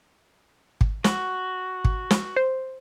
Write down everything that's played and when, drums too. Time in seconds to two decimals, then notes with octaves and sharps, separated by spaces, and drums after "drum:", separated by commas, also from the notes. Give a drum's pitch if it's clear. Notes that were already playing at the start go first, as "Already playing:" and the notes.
0.81 drum: kick
1.04 F#4, drum: snare
1.85 drum: kick
2.11 drum: snare
2.36 C5